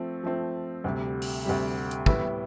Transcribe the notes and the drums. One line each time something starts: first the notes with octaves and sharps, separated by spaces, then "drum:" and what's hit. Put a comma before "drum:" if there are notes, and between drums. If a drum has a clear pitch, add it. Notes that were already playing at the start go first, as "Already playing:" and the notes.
Already playing: F3 A3 C4
F3 A3 C4
D2 C3 G3
drum: open hi-hat
D2 C3 G3
drum: hi-hat
A2 G3 B3 E4, drum: kick